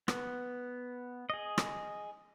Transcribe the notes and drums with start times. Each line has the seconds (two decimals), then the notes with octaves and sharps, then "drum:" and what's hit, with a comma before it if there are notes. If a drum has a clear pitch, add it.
0.08 B3, drum: rim click
1.30 G#4 D#5
1.58 drum: rim click